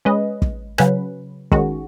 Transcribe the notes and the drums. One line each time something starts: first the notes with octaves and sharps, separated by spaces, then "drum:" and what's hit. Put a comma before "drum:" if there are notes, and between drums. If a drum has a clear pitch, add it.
G#3 C#4 B4 D#5
drum: kick
C#3 F#3 C#4 B4, drum: rim click
D#3 G#3 C#4 F#4, drum: kick